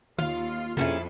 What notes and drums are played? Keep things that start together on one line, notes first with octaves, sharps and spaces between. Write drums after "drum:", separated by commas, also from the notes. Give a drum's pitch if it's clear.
D#2 F4 F5, drum: tom D3
F2 A#2 C#4 E4 F#4 G#4 A4, drum: tom B2